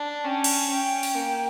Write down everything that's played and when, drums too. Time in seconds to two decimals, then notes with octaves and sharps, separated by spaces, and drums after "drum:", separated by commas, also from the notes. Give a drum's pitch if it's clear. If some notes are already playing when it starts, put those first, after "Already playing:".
Already playing: D4
0.24 C#4 G5
0.44 drum: cymbal
0.70 C#4 G5
1.03 drum: open hi-hat
1.15 A#3